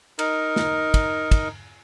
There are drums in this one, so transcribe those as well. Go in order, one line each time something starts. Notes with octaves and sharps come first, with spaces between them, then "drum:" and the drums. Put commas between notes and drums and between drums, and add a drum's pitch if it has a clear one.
D#4 A#4, drum: cymbal
drum: snare
drum: kick, cymbal
drum: kick, cymbal